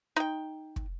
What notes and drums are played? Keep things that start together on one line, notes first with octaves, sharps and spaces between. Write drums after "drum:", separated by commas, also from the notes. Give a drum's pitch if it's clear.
D#4 G5
drum: kick